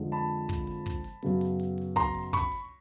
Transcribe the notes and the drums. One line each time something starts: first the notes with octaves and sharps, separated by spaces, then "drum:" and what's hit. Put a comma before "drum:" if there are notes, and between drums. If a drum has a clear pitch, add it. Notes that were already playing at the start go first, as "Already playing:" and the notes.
Already playing: F2 D3 F3 G#3
A5 B5
drum: kick, hi-hat
drum: open hi-hat
drum: kick, hi-hat
drum: hi-hat
F#2 C#3 F#3 B3, drum: open hi-hat
drum: hi-hat
drum: hi-hat
drum: open hi-hat
A#5 C6, drum: kick, hi-hat
drum: open hi-hat
B5 C#6, drum: kick, hi-hat
drum: hi-hat